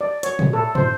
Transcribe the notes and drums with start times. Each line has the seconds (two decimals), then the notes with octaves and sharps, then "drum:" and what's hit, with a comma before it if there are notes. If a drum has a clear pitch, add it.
0.01 D5
0.23 C#5, drum: hi-hat
0.39 drum: tom
0.53 A4
0.75 C5, drum: tom